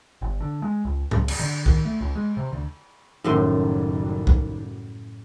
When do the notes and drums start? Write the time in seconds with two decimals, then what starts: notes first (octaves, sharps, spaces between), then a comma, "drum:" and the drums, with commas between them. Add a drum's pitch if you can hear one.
0.22 G1
0.40 D3
0.62 G#3
0.85 C#2
1.11 C#2, drum: tom G#2
1.28 drum: cymbal
1.39 D3
1.66 D#3, drum: kick B1
1.85 A3
2.00 C#2
2.15 G#3
2.37 C3
2.52 D2
3.24 F#1 F#2 A2 D#3 F#3 G3 C6
4.27 drum: kick B1